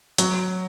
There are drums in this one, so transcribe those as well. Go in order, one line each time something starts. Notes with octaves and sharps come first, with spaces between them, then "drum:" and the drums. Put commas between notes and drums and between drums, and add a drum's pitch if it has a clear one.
F#3, drum: hi-hat